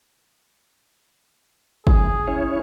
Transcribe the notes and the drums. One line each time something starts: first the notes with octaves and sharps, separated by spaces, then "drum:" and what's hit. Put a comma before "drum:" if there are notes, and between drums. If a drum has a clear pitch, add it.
G#4, drum: kick
C#4 E4 C#5